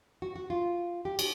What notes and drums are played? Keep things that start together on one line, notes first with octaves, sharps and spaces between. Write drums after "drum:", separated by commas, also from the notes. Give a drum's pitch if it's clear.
F#4
F#4
F4
G4
F#4, drum: cymbal